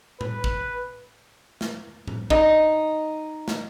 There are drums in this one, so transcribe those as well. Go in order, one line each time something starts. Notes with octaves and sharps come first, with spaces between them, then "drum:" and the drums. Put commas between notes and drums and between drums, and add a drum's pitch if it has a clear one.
B4, drum: tom A2
drum: kick
drum: snare
drum: tom A2
D#4, drum: kick
drum: snare